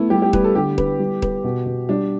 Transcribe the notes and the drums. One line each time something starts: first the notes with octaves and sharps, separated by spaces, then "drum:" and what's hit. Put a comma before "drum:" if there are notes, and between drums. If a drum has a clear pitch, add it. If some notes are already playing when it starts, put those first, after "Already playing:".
Already playing: A3 B3 E4
G3 G4
G4
G3 B4, drum: kick D#1
A4
D3 G4
B4, drum: kick D#1
G3
B4, drum: kick D#1
B2
B2
G3 D4